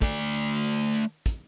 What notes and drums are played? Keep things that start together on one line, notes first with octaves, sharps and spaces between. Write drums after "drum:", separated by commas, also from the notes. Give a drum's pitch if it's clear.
A3 D5, drum: kick, hi-hat
drum: hi-hat
drum: hi-hat
drum: hi-hat
drum: kick, hi-hat